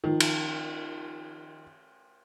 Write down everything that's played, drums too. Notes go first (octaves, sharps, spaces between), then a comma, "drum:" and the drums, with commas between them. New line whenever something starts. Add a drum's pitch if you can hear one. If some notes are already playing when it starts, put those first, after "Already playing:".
D#3 F3
drum: cymbal